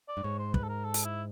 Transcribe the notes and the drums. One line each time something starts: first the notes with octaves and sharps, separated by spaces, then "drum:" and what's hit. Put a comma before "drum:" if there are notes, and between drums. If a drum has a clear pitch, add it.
D5
G2
G#2 C#5
C5
B4, drum: kick
A4
A#4
A4
drum: hi-hat
E4